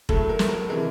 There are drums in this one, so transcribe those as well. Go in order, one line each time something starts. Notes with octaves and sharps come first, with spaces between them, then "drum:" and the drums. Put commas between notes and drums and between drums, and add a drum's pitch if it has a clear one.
A2 F#3 A3 A4, drum: kick F1
A#4
drum: snare
A#4
C3 E3 G#3 A#4